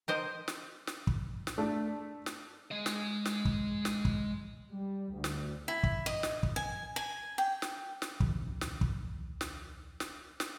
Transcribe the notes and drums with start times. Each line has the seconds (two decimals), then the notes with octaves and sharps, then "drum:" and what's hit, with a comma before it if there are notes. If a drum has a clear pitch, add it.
0.08 A#4 C5 D#5
0.48 drum: snare
0.87 drum: snare
1.07 drum: kick
1.47 drum: snare
1.58 A3 D4
2.26 drum: snare
2.71 G#3 D#5
2.86 drum: snare
3.25 drum: snare
3.45 drum: kick
3.85 drum: snare
4.05 drum: kick
4.70 G3
5.13 D2
5.24 drum: snare
5.68 E4
5.83 drum: kick
6.06 D#5
6.23 drum: snare
6.43 drum: kick
6.56 G#5
6.96 G#5
7.38 G5
7.62 drum: snare
8.02 drum: snare
8.20 D#1 C2 D#3 F3, drum: kick
8.61 drum: snare
8.81 drum: kick
9.41 drum: snare
10.00 drum: snare
10.40 drum: snare